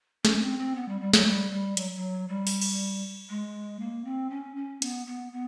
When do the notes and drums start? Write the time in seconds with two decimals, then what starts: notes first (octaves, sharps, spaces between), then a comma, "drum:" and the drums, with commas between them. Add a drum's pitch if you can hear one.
0.25 C#4, drum: snare
0.41 C4
0.58 C4
0.76 B3
0.88 G3
1.01 G3
1.13 F#3, drum: snare
1.26 G3
1.52 G3
1.77 F#3, drum: hi-hat
1.96 F#3
2.28 G3
2.47 drum: open hi-hat
2.61 drum: cymbal
3.29 G#3
3.80 A#3
4.05 C4
4.30 C#4
4.56 C#4
4.82 B3, drum: hi-hat
5.07 B3
5.32 B3